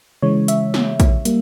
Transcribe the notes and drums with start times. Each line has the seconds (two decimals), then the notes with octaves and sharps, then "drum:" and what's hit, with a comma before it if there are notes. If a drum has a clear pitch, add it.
0.22 C#3 E3 G#3 C#5
0.48 E5, drum: hi-hat
0.74 drum: snare
1.00 drum: kick, hi-hat
1.25 G3 A#3, drum: hi-hat